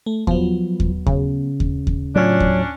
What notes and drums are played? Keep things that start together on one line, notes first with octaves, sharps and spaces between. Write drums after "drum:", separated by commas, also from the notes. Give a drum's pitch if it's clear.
A3
F3 F#3 B3, drum: kick D#2
drum: kick D#2
C#3, drum: kick D#2
drum: kick D#2
drum: kick D#2
A2 F#3 C#4 D4 F4
drum: kick D#2